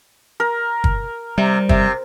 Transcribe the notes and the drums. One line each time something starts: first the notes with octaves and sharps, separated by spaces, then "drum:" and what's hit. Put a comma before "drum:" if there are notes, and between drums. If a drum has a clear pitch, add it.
A#4
drum: kick
C3 G3
C3, drum: kick